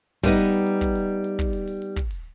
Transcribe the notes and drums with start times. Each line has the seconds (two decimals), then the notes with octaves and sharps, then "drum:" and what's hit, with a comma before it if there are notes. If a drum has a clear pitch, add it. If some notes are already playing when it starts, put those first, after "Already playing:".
0.23 G3 B3 D#4, drum: kick, hi-hat
0.38 drum: hi-hat
0.52 drum: open hi-hat
0.67 drum: hi-hat
0.81 drum: kick, hi-hat
0.95 drum: hi-hat
1.24 drum: hi-hat
1.39 drum: kick, hi-hat
1.53 drum: hi-hat
1.67 drum: open hi-hat
1.82 drum: hi-hat
1.96 drum: kick, hi-hat
2.11 drum: hi-hat